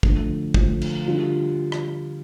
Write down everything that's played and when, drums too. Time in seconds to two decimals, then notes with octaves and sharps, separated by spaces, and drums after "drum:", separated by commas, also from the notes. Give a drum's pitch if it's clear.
0.03 D3 F3 A3, drum: kick
0.54 D3 F3 A3, drum: kick
0.82 drum: cymbal
1.06 D3 G3 F4
1.72 drum: rim click